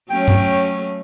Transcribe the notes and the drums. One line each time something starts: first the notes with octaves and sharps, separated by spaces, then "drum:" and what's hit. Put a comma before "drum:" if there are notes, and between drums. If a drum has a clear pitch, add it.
F#3 A3 C#4 G5
drum: tom G2